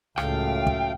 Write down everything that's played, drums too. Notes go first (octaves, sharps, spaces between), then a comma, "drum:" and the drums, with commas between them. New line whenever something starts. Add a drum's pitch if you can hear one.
C#2 F#2 A2 A3 F5 G5, drum: rim click
drum: kick